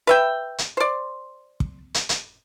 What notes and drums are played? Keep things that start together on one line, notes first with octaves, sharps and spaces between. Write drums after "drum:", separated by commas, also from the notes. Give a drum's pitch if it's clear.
B4 E5 G5
drum: hi-hat
C5 D5
drum: kick
drum: hi-hat
drum: hi-hat